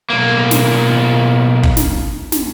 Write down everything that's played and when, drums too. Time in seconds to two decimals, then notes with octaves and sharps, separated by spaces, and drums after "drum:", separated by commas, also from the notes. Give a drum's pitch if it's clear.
0.10 B1 A#3
0.51 drum: snare
1.63 drum: kick
1.77 drum: snare
2.32 drum: snare